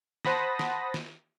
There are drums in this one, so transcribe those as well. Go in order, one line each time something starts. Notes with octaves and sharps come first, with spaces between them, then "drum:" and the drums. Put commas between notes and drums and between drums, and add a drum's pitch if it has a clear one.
C5 F#5 A5 B5 D#6 A#6, drum: snare
drum: snare
drum: snare